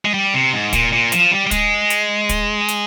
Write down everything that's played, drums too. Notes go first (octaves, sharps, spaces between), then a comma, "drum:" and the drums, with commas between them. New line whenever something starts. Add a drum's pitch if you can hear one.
G#3
G3
C3
G#2
A#2, drum: kick, hi-hat
A#2
F3, drum: hi-hat
G3
G3
G#3, drum: kick, hi-hat
drum: hi-hat
drum: kick, hi-hat
drum: hi-hat